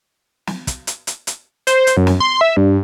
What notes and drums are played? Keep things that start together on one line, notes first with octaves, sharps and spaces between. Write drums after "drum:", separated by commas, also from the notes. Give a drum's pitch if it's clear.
drum: snare
drum: kick, hi-hat
drum: hi-hat
drum: hi-hat
drum: hi-hat
C5, drum: hi-hat
drum: hi-hat
F#2
drum: snare
C6
E5
G2